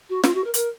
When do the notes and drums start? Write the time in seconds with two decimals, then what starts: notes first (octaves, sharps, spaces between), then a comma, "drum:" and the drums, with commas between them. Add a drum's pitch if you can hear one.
0.09 F#4
0.24 F4, drum: snare
0.34 F#4
0.44 A#4
0.54 A#4, drum: hi-hat